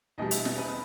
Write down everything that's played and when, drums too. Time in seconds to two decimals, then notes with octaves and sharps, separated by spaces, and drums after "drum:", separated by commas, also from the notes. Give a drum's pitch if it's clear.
0.18 E2 B2 G3 D#5
0.31 E5, drum: hi-hat
0.45 D#5, drum: snare
0.58 B4